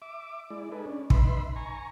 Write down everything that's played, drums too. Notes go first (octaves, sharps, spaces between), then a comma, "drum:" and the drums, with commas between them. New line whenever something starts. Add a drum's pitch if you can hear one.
E5 D6
G#3 E4 D5
D#4 G#4 A4 B4
C#4 D4
D#4 B4 E5 B5 C6, drum: kick
G#5 A#5 C#6